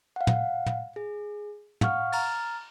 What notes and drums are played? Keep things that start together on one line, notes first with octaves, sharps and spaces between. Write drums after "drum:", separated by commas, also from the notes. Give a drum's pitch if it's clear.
F5 F#5
drum: tom
drum: tom
G#4
F5 F#5 C#6 F6, drum: tom
A#5 F6 A6, drum: cymbal